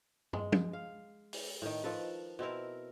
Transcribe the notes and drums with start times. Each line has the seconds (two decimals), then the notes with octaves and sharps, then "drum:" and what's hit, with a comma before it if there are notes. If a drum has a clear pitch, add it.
0.33 G#3, drum: tom
0.52 drum: tom
0.73 F5
1.33 drum: open hi-hat
1.62 A2 D#3
1.84 D#3 F3 A4 B4
2.39 B2 C4 E4 A#4